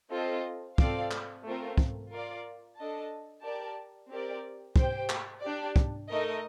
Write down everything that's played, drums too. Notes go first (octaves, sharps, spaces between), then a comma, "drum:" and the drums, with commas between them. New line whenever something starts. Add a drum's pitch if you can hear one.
C4 F4 A4 D#5
C4 F4 A4 D5 F5, drum: kick
drum: clap
A3 C4 F4 A#4
drum: kick
F4 A#4 D5 F5
D4 A4 D#5 A5
G4 A#4 D5 A5
C4 G4 A#4 D5
G4 C5 G5, drum: kick
drum: clap
D4 G4 D5
drum: kick
A3 D#4 A#4 D#5